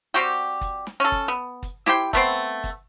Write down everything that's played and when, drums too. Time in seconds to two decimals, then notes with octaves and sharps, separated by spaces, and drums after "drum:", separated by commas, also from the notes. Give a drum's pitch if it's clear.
0.14 G3 C4 F#4 G4
0.61 drum: kick, hi-hat
0.87 drum: snare
1.00 C#4 A4
1.12 drum: kick, hi-hat
1.28 B3
1.63 drum: kick, hi-hat
1.86 E4 G4 C5 G5, drum: snare
2.13 A3 B3 C4, drum: kick, hi-hat
2.64 drum: kick, hi-hat